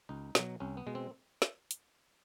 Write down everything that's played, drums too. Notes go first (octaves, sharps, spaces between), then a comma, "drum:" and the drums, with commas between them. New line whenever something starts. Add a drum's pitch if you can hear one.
C#2 D#4
B2 F#3, drum: snare
C2 C#4
B3
B2 G#3
C4
drum: snare
drum: hi-hat